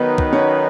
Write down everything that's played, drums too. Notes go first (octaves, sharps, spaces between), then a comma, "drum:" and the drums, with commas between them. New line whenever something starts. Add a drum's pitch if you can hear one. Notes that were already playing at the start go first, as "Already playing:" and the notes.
Already playing: D#3 F#3 B3 D#4 F#4 B4
drum: kick
C#4